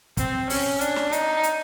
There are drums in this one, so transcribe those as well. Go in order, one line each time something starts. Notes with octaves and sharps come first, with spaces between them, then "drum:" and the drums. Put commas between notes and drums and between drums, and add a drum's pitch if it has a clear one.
C4, drum: kick, hi-hat
C#4, drum: open hi-hat
D4, drum: hi-hat
drum: snare
D#4, drum: hi-hat
drum: hi-hat